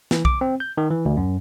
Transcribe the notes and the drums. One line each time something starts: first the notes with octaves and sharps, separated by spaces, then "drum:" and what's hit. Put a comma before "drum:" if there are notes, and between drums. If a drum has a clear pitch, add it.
E3, drum: snare
D6, drum: kick B1
C4
G6
D#3
E3
D2
F#2